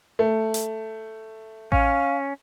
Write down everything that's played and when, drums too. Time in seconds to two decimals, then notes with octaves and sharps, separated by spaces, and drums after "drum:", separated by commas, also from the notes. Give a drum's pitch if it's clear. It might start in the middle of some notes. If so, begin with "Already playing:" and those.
0.19 A3
0.54 drum: hi-hat
1.72 C#4 F5, drum: kick A1